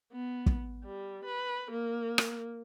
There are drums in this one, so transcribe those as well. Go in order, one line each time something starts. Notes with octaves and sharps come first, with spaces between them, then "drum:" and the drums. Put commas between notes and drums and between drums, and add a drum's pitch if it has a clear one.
B3
drum: kick
G3
B4
A#3
drum: rim click